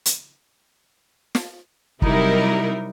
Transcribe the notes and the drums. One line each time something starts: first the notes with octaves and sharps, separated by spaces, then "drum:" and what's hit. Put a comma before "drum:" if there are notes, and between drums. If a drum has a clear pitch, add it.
drum: hi-hat
drum: snare
C3 F#3 G3 D#4 E4 A#4, drum: kick